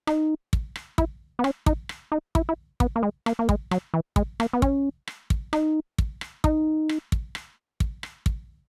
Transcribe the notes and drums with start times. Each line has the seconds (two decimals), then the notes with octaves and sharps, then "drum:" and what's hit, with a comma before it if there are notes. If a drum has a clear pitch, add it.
0.07 D#4, drum: rim click
0.53 drum: kick
0.76 drum: rim click
0.98 E4, drum: kick
1.39 B3
1.44 C#4, drum: rim click
1.66 D#4, drum: kick
1.89 drum: rim click
2.12 D#4
2.35 E4, drum: kick
2.49 E4
2.80 B3, drum: kick
2.96 A#3
3.03 G#3
3.26 A#3, drum: rim click
3.39 A#3
3.49 G#3, drum: kick
3.71 F#3, drum: rim click
3.94 E3
4.16 G#3, drum: kick
4.40 A#3, drum: rim click
4.53 B3
4.62 C#4, drum: kick
5.08 drum: rim click
5.30 drum: kick
5.53 D#4, drum: rim click
5.98 drum: kick
6.21 drum: rim click
6.44 D#4, drum: kick
6.89 drum: rim click
7.12 drum: kick
7.35 drum: rim click
7.80 drum: kick
8.03 drum: rim click
8.26 drum: kick